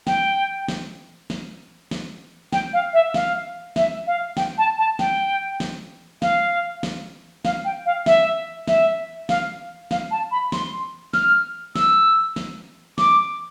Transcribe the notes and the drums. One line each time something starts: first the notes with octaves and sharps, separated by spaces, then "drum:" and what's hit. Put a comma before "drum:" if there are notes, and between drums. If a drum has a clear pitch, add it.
G5, drum: snare
drum: snare
drum: snare
drum: snare
G5, drum: snare
F5
E5
F5, drum: snare
E5, drum: snare
F5
G5, drum: snare
A5
A5
G5, drum: snare
drum: snare
F5, drum: snare
drum: snare
F5, drum: snare
G5
F5
E5, drum: snare
E5, drum: snare
F5, drum: snare
F5, drum: snare
A5
B5
C6, drum: snare
F6, drum: snare
E6, drum: snare
drum: snare
D6, drum: snare